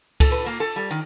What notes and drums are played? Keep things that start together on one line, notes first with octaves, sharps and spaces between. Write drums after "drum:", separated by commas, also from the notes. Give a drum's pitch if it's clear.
A4, drum: kick C#2, cymbal
B4
A#3
A4
G3
D#3